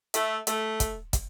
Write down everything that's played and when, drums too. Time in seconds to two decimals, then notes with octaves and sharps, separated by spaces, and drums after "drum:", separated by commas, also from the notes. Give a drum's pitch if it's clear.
0.14 A3, drum: hi-hat
0.47 A3, drum: hi-hat
0.80 drum: kick, hi-hat
1.13 drum: kick, hi-hat